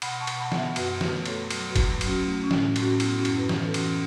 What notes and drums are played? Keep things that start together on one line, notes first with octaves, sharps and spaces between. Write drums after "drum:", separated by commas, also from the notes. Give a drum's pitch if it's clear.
B2 F#5 B5, drum: cymbal
A5 C#6
B2, drum: cymbal
F#5 B5
B3 F#5, drum: snare
E5 A5
F#2 F#4 B4, drum: cymbal
A3 F#4 B4, drum: snare
A3 A4 C#5, drum: cymbal
F#3 F#4 B4, drum: cymbal
F#4 B4
B2, drum: kick, cymbal
F#3, drum: cymbal
C#4 F#4
A3 E4
C#4
A2, drum: snare
A2, drum: cymbal
C#4 F#4
B3 E4, drum: cymbal
C#4 F#4
F#2, drum: cymbal
F#4 B4
E3, drum: snare
A4
E3 C#4 F#4, drum: cymbal
C#4